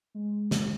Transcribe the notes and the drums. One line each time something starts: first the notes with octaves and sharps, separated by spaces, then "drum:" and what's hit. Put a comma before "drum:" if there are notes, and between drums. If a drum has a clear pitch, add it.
G#3
drum: snare